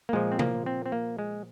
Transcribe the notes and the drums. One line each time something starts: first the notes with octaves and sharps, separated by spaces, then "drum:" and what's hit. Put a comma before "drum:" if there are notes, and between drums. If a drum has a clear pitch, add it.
A#3
A#2 F3 G#3
C4
A#3, drum: tom C3
C4
C4
A#3
G#3